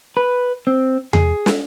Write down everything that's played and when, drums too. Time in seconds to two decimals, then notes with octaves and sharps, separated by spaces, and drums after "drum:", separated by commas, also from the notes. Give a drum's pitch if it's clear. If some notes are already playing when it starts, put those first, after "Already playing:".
0.17 B4
0.67 C4
1.13 G#4, drum: tom E2
1.46 drum: snare